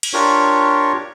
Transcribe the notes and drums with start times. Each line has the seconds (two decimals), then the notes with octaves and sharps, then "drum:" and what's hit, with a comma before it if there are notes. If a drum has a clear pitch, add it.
0.03 drum: cymbal
0.14 D4 F4 G4 A#4 C#5 C#6